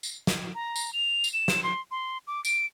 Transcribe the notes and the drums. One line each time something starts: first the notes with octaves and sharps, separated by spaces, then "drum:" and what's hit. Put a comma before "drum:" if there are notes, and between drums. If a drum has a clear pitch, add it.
drum: tambourine
drum: snare
A#5
drum: tambourine
F7
drum: tambourine
E7
drum: snare
C6
C6
D6
D7, drum: tambourine